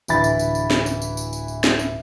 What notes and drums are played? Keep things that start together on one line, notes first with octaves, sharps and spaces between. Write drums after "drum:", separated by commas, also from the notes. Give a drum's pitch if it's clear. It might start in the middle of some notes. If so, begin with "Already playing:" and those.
D1 D3 E3 E4 B5 A6, drum: tambourine
drum: tambourine
drum: tambourine
drum: tambourine
drum: snare
drum: tambourine
drum: tambourine
drum: tambourine
drum: tambourine
drum: tambourine
drum: snare
drum: tambourine